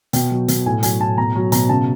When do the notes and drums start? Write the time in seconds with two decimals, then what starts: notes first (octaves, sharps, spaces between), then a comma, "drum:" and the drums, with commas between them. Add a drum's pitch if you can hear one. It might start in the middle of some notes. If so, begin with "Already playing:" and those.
0.13 B2 G5, drum: hi-hat
0.31 F#3
0.48 B2, drum: hi-hat
0.66 A2 G#5
0.83 F#3 G#5, drum: hi-hat
1.00 A2 A5
1.18 B2 A#5
1.35 F#3
1.52 B2 A#5, drum: hi-hat
1.69 C#3 A5